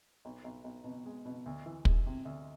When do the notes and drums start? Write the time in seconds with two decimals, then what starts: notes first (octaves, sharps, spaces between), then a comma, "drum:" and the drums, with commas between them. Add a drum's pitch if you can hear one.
0.25 B1
0.44 B1
0.64 B1
0.84 B2
1.06 G#3
1.26 B2
1.46 D2
1.66 E3
1.85 G#3, drum: kick
2.06 C3
2.25 D2